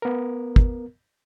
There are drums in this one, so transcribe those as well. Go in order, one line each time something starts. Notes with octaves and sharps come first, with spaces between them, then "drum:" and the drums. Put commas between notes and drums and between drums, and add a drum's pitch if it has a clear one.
B3 A#4
drum: kick